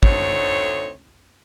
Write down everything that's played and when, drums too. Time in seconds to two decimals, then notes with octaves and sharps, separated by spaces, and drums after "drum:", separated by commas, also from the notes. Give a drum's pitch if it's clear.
0.03 D2 A3 C4 D4 D#4 C#5, drum: kick